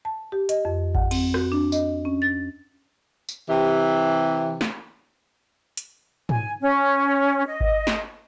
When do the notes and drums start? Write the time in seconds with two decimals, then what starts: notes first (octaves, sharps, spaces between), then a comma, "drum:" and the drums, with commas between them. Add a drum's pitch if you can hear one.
0.05 A5
0.32 G4
0.49 D#5, drum: hi-hat
0.65 F2
0.95 F#5, drum: kick G#1
1.11 C4, drum: cymbal
1.34 F#4, drum: rim click
1.52 D4
1.72 D#5, drum: tambourine
2.05 C#4
2.22 A6
3.29 drum: tambourine
3.49 C3 E3 G4
4.61 drum: snare
5.77 drum: hi-hat
6.29 G#5, drum: tom
6.61 C#4
7.47 D#5
7.61 drum: kick G#1
7.87 drum: snare